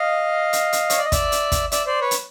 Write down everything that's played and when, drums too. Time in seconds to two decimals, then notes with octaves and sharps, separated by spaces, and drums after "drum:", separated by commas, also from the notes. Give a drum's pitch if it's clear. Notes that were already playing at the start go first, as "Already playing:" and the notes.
Already playing: D#5 F5
0.53 drum: hi-hat
0.73 drum: hi-hat
0.90 C#5, drum: hi-hat
0.98 D5
1.05 D#5
1.12 D5 E5, drum: kick, hi-hat
1.32 drum: hi-hat
1.52 drum: kick, hi-hat
1.72 D5 E5, drum: hi-hat
1.86 C5 D5
2.01 B4 C#5
2.11 drum: hi-hat